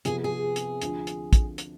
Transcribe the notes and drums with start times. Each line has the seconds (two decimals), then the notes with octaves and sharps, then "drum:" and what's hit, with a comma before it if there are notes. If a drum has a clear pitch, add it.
0.05 C3 F3 B3 G#4, drum: hi-hat
0.24 G#4
0.56 drum: hi-hat
0.82 D2 D3 F3, drum: hi-hat
1.07 drum: hi-hat
1.33 drum: kick, hi-hat
1.58 drum: hi-hat